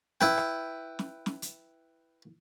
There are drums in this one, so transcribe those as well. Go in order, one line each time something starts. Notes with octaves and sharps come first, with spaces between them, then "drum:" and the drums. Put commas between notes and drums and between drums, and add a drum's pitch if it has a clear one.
E4 B4 G5, drum: snare
drum: rim click
drum: snare
drum: snare
drum: hi-hat